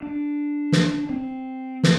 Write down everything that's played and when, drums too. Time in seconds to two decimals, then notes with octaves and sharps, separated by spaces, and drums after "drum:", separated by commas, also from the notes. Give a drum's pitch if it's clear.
0.02 D4
0.72 drum: snare
1.09 C4
1.83 drum: snare